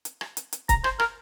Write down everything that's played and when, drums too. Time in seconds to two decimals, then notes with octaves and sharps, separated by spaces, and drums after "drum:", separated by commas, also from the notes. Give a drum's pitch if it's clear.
0.05 drum: hi-hat
0.21 drum: rim click
0.37 drum: hi-hat
0.53 drum: hi-hat
0.69 A#5, drum: kick C#1, hi-hat
0.84 C5, drum: rim click
1.00 A#4, drum: rim click